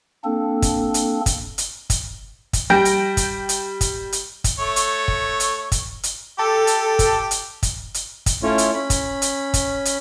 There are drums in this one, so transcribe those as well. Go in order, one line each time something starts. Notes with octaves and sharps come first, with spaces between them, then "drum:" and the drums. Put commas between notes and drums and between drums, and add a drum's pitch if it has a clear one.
A#3 C4 D4 A4
drum: kick, hi-hat
drum: hi-hat
drum: kick, hi-hat
drum: hi-hat
drum: kick, hi-hat
drum: kick, hi-hat
G3 G5 G6 A#6 D7
drum: hi-hat
drum: kick, hi-hat
drum: hi-hat
drum: kick, hi-hat
drum: hi-hat
drum: kick, hi-hat
A3 C#5
drum: hi-hat
drum: kick
drum: hi-hat
drum: kick, hi-hat
drum: hi-hat
G4 A4
drum: hi-hat
drum: kick, hi-hat
drum: hi-hat
drum: kick, hi-hat
drum: hi-hat
drum: kick, hi-hat
A3 C#4 E4 F4 C#5
drum: hi-hat
C#4 B5
drum: kick, hi-hat
drum: hi-hat
drum: kick, hi-hat
drum: hi-hat